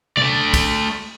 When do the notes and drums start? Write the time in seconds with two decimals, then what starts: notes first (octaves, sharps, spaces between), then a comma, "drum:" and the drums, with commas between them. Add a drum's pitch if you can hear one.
0.17 A3 D5, drum: tom C3
0.54 drum: kick, cymbal